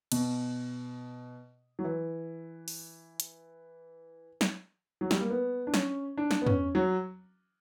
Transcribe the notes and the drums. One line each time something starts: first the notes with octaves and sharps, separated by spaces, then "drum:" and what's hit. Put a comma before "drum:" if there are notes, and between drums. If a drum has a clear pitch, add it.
B2, drum: cymbal
F#3
E3
drum: open hi-hat
drum: hi-hat
drum: snare
F#3
G3, drum: snare
A#3
B3
D4
C#4, drum: snare
D4
drum: snare
B3
C#4, drum: tom
F#3